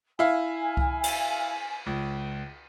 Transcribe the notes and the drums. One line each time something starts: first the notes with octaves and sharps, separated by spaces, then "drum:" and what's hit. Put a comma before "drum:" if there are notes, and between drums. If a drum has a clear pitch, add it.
E4 E5 F5 G#5
drum: kick C2
drum: cymbal
C#2